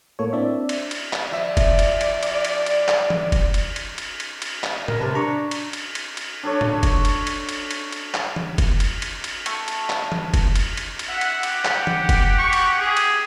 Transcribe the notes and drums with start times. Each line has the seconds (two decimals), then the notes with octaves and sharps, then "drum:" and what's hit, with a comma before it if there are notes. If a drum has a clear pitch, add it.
0.19 A2 A#3 A4 C#5
0.33 C4 D4 E4 D5 E5
0.69 drum: cymbal
0.91 drum: cymbal
1.13 drum: clap
1.32 F3 D5 E5
1.57 drum: kick F1, cymbal
1.79 drum: cymbal
2.01 drum: cymbal
2.23 drum: cymbal
2.45 drum: cymbal
2.66 drum: cymbal
2.88 drum: clap
3.10 drum: tom
3.32 drum: kick F1, cymbal
3.54 drum: cymbal
3.76 drum: cymbal
3.98 drum: cymbal
4.20 drum: cymbal
4.42 drum: cymbal
4.64 drum: clap
4.88 A#4, drum: tom A2
5.00 C3 B4 A5
5.15 D4 A#5 C#6
5.51 drum: cymbal
5.73 drum: cymbal
5.95 drum: cymbal
6.17 drum: cymbal
6.43 D4 A4 C#5
6.61 drum: tom A2
6.83 drum: kick F1, cymbal
7.05 drum: cymbal
7.27 drum: cymbal
7.49 drum: cymbal
7.71 drum: cymbal
7.92 drum: cymbal
8.14 drum: clap
8.36 drum: tom
8.58 drum: kick F1, cymbal
8.80 drum: cymbal
9.02 drum: cymbal
9.24 drum: cymbal
9.46 A3, drum: cymbal
9.68 drum: cymbal
9.90 drum: clap
10.12 drum: tom
10.34 drum: kick F1, cymbal
10.56 drum: cymbal
10.77 drum: cymbal
10.99 drum: cymbal
11.09 E5 F#5
11.21 drum: cymbal
11.43 G4, drum: cymbal
11.65 drum: clap
11.87 drum: tom
12.09 drum: kick F1, cymbal
12.39 C#6
12.53 drum: cymbal
12.80 G#4
12.97 drum: cymbal